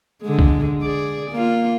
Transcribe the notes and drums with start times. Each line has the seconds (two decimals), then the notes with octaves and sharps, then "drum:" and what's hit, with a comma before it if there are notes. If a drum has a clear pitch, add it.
0.23 D3 G#3
0.39 drum: kick
0.82 G#4 D5
1.32 A#3 F4